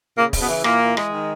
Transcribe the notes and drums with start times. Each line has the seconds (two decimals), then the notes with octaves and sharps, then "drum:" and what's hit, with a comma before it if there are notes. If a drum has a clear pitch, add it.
0.16 A#2 C#3 A#3
0.33 C#3, drum: kick, open hi-hat
0.40 B2 B3
0.48 E3
0.64 A#2 E3 A#3, drum: rim click
0.81 E3
0.97 G#3, drum: rim click
1.12 D#3